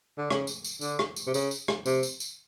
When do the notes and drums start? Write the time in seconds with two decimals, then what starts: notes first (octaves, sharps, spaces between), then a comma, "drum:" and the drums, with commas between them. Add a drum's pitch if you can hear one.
0.18 D3
0.30 C#3, drum: rim click
0.47 drum: tambourine
0.64 drum: tambourine
0.81 D3, drum: tambourine
0.99 drum: rim click
1.16 drum: tambourine
1.27 C3
1.34 C#3, drum: tambourine
1.51 drum: tambourine
1.68 drum: rim click
1.86 C3, drum: tambourine
2.03 drum: tambourine
2.20 drum: tambourine